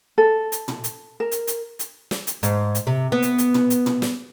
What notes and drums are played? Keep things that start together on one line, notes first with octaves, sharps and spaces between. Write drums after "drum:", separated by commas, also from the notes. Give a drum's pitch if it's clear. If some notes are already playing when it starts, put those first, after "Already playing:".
A4
drum: hi-hat
drum: tom
drum: hi-hat
A#4
drum: hi-hat
drum: hi-hat
drum: hi-hat
drum: snare
drum: hi-hat
G#2, drum: hi-hat
drum: hi-hat
C3
B3
drum: hi-hat
drum: hi-hat
drum: tom
drum: hi-hat
drum: tom
drum: snare